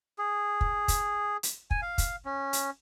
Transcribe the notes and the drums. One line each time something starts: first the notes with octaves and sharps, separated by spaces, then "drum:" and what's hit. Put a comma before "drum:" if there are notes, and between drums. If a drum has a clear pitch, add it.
G#4
drum: kick
drum: kick, hi-hat
drum: hi-hat
G#5, drum: kick
F5
drum: kick, hi-hat
C#4
drum: hi-hat